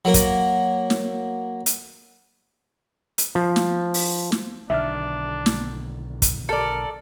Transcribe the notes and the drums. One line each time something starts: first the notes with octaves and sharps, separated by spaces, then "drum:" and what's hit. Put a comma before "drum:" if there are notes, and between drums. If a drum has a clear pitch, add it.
F#3 A#3
drum: kick, hi-hat
drum: snare
drum: hi-hat
drum: hi-hat
F3
drum: snare
drum: open hi-hat
drum: snare
B1 D3 D#3 D4 E5 F6
drum: snare
drum: kick, hi-hat
A4 A#4 D5